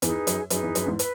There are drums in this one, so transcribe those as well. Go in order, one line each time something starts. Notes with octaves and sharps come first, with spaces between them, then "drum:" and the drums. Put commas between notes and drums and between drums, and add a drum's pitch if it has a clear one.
E2 D#4 G#4 B4, drum: hi-hat
F#2, drum: hi-hat
F#2 D#4 G#4 B4, drum: hi-hat
E2
F#2, drum: hi-hat
E2 G#2
B4, drum: hi-hat